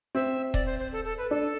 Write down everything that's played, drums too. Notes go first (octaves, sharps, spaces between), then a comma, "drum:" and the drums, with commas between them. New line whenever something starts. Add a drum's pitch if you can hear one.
C4 E5
D5, drum: kick D#1
C5
C5
A4
A4
B4
D4 A4